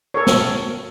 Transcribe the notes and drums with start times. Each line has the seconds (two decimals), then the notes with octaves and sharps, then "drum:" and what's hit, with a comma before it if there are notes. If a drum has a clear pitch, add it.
0.14 A4 A#4 C#5
0.27 drum: snare